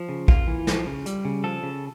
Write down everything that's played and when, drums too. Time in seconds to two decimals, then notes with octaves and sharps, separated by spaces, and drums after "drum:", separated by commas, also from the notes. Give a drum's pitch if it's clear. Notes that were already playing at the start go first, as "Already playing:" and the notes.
Already playing: F3
0.09 C#3
0.28 A#3 F4, drum: kick
0.47 E3
0.67 F3, drum: snare
0.86 C#3
1.06 G3, drum: hi-hat
1.25 C#3
1.44 F3 A4
1.63 C#3